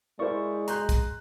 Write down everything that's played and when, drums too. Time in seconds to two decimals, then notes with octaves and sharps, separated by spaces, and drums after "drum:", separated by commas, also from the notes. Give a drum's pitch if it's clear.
0.19 G#3 E4 A#4 C5 D5 C#6
0.68 A#5 C6 F#6 G6, drum: hi-hat
0.89 drum: kick, hi-hat